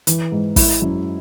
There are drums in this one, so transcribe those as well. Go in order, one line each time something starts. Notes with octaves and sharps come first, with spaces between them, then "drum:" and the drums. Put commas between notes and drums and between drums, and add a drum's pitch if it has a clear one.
E3, drum: hi-hat
G#2
E4, drum: kick, open hi-hat
F#2